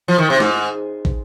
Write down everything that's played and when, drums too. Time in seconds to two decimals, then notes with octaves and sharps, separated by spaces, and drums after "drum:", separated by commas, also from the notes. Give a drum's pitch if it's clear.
0.08 F3
0.18 D#3
0.30 C3
0.40 G#2, drum: snare
1.05 drum: kick